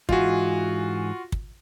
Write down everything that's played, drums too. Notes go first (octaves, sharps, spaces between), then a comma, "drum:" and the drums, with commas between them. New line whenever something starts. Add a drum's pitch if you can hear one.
G#2 E3 F4 F#4 G#4, drum: kick
drum: kick